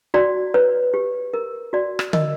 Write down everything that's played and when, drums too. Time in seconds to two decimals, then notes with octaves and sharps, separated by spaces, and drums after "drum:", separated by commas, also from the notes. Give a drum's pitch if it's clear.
0.14 F#4 D5
0.54 B4 C#5
0.94 G4
1.34 A#4
1.73 F#4 D5
1.99 drum: rim click
2.13 A#4 D#5, drum: tom D3